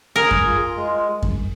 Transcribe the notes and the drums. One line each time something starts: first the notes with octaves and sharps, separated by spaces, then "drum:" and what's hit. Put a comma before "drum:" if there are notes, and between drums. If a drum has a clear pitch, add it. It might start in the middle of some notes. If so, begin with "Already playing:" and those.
G#4 A#4
drum: kick F#2
F4
G#3
drum: kick F#2